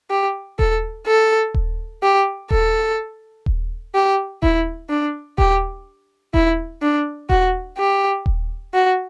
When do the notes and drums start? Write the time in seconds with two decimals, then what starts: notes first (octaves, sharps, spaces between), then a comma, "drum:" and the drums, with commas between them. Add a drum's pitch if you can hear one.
0.10 G4
0.59 A4, drum: kick D#1
1.07 A4
1.54 drum: kick D#1
2.03 G4
2.51 A4, drum: kick D#1
3.46 drum: kick D#1
3.94 G4
4.43 E4, drum: kick D#1
4.89 D4
5.38 G4, drum: kick D#1
6.34 E4, drum: kick D#1
6.82 D4
7.30 F#4, drum: kick D#1
7.78 G4
8.26 drum: kick D#1
8.74 F#4